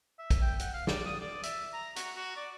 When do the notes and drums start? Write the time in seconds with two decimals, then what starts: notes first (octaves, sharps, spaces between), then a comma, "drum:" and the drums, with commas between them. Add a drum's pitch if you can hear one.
0.19 E5
0.30 drum: kick, hi-hat
0.42 G5
0.60 F#5, drum: hi-hat
0.74 F5
0.87 D5, drum: snare
1.05 D#6
1.20 D5
1.43 E5, drum: hi-hat
1.73 A#5
1.96 F#4, drum: hi-hat
2.17 F#4
2.37 D5